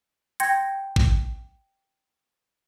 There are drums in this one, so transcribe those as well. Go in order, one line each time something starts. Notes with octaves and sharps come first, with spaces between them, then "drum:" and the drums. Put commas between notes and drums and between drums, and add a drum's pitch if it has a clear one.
G5 C6 G6 G#6 A#6 C#7, drum: hi-hat
drum: kick